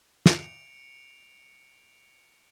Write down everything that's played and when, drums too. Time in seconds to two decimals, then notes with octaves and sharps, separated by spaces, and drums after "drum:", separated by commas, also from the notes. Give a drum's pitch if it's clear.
0.26 C#7 D7 F7, drum: snare